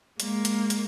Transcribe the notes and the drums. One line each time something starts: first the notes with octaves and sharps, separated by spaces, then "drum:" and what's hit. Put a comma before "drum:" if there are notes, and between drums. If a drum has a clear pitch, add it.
G#3 A#3, drum: hi-hat
drum: hi-hat
drum: hi-hat